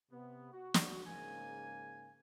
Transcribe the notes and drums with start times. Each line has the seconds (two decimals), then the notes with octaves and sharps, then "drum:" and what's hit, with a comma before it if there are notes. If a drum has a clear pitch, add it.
0.12 C3 B3
0.53 F#4
0.74 drum: snare
1.07 G#2 C#3 A#3 G#5